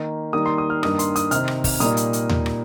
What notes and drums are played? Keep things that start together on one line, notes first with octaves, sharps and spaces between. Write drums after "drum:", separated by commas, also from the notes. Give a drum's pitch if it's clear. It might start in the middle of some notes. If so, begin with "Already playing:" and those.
Already playing: D#3 A#3 D#4
D#3 G3 A#3 D#4 D#6
C6
D#6
F6
G2 D#3 A#3 D#6, drum: rim click
C6, drum: hi-hat
D#6, drum: hi-hat
C3 D#3 C4 D#4 F6, drum: hi-hat
drum: rim click
drum: kick, open hi-hat
A#2 G3 A#3 D#4 D#6, drum: hi-hat
drum: hi-hat
drum: hi-hat
drum: tom D#2
drum: rim click